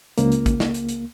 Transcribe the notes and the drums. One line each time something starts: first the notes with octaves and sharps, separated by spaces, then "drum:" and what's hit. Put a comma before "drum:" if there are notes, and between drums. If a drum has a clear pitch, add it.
C#2 A#3, drum: hi-hat
drum: hi-hat
drum: kick, hi-hat
drum: snare
drum: hi-hat
drum: hi-hat